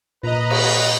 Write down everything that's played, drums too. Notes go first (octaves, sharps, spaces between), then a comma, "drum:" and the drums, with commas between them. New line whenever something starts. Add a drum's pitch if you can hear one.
A#2 B4 D#5 A#5
drum: cymbal